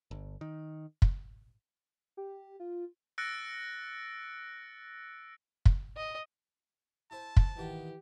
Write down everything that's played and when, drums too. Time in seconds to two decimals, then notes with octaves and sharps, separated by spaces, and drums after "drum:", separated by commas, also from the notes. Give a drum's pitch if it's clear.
0.11 G1
0.41 D#3
1.02 drum: kick
2.17 G4
2.60 F4
3.18 E6 F#6 A6 A#6 C#7 D7
5.66 drum: kick
5.96 D#5
7.11 E4 C5 A5
7.37 drum: kick
7.57 D#3 E3 F#4 G4